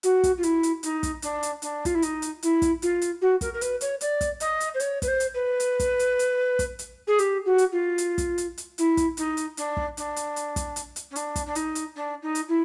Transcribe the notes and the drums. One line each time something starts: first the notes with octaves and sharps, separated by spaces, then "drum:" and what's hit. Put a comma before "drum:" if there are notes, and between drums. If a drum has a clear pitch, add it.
F#4, drum: hi-hat
drum: kick, hi-hat
F4
E4, drum: hi-hat
drum: hi-hat
D#4, drum: hi-hat
drum: kick, hi-hat
D4, drum: hi-hat
drum: hi-hat
D4, drum: hi-hat
F4, drum: kick, hi-hat
E4
D#4, drum: hi-hat
drum: hi-hat
E4, drum: hi-hat
drum: kick, hi-hat
F4, drum: hi-hat
drum: hi-hat
F#4
A#4, drum: kick, hi-hat
A#4
B4, drum: hi-hat
C#5, drum: hi-hat
D5, drum: hi-hat
drum: kick, hi-hat
D#5, drum: hi-hat
drum: hi-hat
C5
C#5, drum: hi-hat
B4, drum: kick, hi-hat
C5
drum: hi-hat
B4
drum: hi-hat
drum: kick, hi-hat
drum: hi-hat
drum: hi-hat
drum: kick, hi-hat
drum: hi-hat
G#4
G4, drum: hi-hat
F#4
drum: hi-hat
F4
drum: hi-hat
drum: kick, hi-hat
drum: hi-hat
drum: hi-hat
E4, drum: hi-hat
drum: kick, hi-hat
D#4, drum: hi-hat
drum: hi-hat
D4, drum: hi-hat
drum: kick
D4, drum: hi-hat
drum: hi-hat
drum: hi-hat
drum: kick, hi-hat
drum: hi-hat
drum: hi-hat
C#4
D4, drum: hi-hat
drum: kick, hi-hat
D4
D#4, drum: hi-hat
drum: hi-hat
D4
D#4
drum: hi-hat
E4